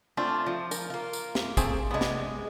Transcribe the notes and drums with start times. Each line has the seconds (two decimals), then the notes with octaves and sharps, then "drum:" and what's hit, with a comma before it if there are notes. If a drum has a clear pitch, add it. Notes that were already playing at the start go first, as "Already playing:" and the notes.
0.17 A3 C4 D4 F4
0.46 F3
0.71 A#4, drum: tambourine
0.90 A#3 F4
1.13 drum: tambourine
1.35 drum: snare
1.57 A3 C4 G#4, drum: kick, tambourine
1.91 C3 G#3 B3 D4
2.01 drum: snare